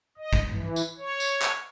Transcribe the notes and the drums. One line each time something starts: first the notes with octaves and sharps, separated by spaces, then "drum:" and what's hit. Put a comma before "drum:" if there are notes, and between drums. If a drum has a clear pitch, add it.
D#5
drum: kick G#1
E3
drum: tambourine
C#5
drum: tambourine
drum: clap